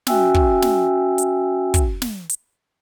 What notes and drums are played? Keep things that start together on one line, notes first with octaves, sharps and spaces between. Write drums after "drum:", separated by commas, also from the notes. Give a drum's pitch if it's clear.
C#4 F#4 E5 G5 G#5 E6, drum: snare
drum: kick
drum: snare
drum: hi-hat
drum: kick, hi-hat
drum: snare
drum: hi-hat